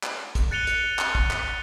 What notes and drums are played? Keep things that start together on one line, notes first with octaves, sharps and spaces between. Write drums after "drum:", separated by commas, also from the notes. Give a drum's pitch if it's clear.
drum: clap
drum: kick, hi-hat
F#6 A6 C#7 D#7 F7 G7
drum: hi-hat
drum: clap
drum: kick
drum: clap